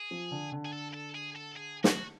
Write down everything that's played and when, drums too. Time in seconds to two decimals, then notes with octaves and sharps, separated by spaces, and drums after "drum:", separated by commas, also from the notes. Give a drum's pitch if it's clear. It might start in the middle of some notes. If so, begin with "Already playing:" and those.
Already playing: G#4
0.11 F3
0.31 D3
0.52 D3
0.65 G#4
0.73 A4
0.94 A4
1.15 G#4
1.36 A4
1.57 G#4
1.84 F#4, drum: snare